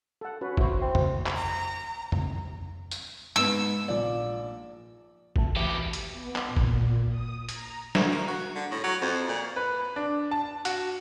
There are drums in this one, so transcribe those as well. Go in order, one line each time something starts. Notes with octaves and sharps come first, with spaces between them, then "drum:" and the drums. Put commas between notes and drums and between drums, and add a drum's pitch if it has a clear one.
A4 F#5
C#4 F#4 B4
E4 F#4 C5, drum: kick
C4
drum: tom F2
drum: clap
A#5
drum: tom F2
drum: tambourine
G#2 B3 E6
A#1 D5
C#2 A3, drum: kick
B2 E3 G4
drum: hi-hat
B3
drum: clap
A#2
drum: kick
D#6
A#5, drum: hi-hat
D2, drum: snare
A#3
F#4
D3
A2
F#3
F2
A#2
B4
D4
A5
F#4, drum: hi-hat